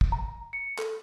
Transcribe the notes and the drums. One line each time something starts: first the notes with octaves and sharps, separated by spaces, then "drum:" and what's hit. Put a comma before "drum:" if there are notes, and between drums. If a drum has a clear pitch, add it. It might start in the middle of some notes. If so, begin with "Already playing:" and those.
drum: kick
A#5
C#7
A4, drum: clap